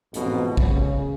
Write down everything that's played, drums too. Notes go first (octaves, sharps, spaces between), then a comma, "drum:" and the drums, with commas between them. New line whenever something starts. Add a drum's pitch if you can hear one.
A1 F2 G#2 B2, drum: hi-hat
C#3, drum: kick